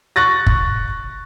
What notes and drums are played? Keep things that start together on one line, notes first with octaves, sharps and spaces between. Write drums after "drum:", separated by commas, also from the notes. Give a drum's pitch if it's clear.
C#6 F#6 A6 A#6
drum: kick